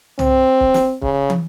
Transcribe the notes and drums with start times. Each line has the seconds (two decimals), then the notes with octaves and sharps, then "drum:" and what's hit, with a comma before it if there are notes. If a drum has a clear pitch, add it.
0.19 C4, drum: tom
0.60 drum: kick
0.74 drum: snare
1.02 C#3, drum: kick
1.30 drum: tom